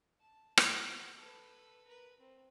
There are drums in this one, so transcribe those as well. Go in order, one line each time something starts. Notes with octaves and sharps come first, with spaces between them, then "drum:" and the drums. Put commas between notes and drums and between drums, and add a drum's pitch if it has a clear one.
A5
F#4, drum: rim click
A4 B4
A#4 B4
C4